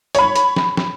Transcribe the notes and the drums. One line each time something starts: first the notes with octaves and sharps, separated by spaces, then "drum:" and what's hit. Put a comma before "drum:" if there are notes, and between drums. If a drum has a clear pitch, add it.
C#5 B5, drum: hi-hat
drum: hi-hat
drum: snare
drum: snare